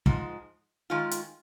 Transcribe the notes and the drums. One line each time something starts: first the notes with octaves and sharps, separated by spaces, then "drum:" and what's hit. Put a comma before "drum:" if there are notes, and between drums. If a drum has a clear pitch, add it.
G#2 F3 G#3, drum: kick
D#3 G#3 F4
drum: hi-hat